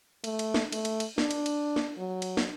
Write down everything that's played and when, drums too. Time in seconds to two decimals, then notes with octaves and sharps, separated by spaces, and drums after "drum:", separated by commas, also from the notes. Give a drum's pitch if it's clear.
0.24 A3, drum: cymbal
0.39 drum: cymbal
0.54 drum: snare
0.72 A3, drum: cymbal
0.85 drum: cymbal
1.00 drum: cymbal
1.18 D4, drum: snare
1.31 drum: cymbal
1.46 drum: cymbal
1.76 drum: snare
1.98 F#3
2.22 drum: cymbal
2.37 drum: snare